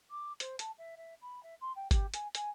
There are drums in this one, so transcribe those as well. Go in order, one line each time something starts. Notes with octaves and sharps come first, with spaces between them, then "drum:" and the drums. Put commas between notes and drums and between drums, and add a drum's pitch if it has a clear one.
D6
C5, drum: hi-hat
A5, drum: hi-hat
E5
E5
B5
E5
C6
G5
G4, drum: kick G1, hi-hat
G#5, drum: hi-hat
G#5, drum: hi-hat